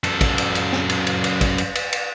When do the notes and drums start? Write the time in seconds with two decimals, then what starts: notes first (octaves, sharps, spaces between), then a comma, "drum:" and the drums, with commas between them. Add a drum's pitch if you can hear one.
0.04 F#2 A4, drum: cymbal
0.21 drum: kick, cymbal
0.38 drum: cymbal
0.55 drum: cymbal
0.72 drum: snare
0.90 drum: cymbal
1.07 drum: cymbal
1.24 drum: cymbal
1.41 drum: kick, cymbal
1.58 drum: cymbal
1.75 drum: cymbal
1.93 drum: cymbal